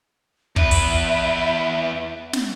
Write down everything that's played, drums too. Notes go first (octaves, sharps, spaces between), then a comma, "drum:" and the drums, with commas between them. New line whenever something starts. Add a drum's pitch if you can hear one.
E2 B4 E5, drum: kick
drum: open hi-hat
drum: snare